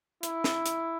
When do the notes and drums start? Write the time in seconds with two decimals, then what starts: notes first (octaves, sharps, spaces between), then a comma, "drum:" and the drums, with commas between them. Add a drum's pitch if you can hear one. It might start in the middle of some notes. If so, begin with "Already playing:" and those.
0.23 E4, drum: hi-hat
0.44 drum: snare
0.66 drum: hi-hat